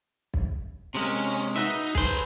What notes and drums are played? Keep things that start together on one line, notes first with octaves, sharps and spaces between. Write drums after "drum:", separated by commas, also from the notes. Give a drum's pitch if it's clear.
drum: kick
C3 G#3 A#3 C#4
D#4 F#4 B4 E5
G#4 A4 B4 C5, drum: kick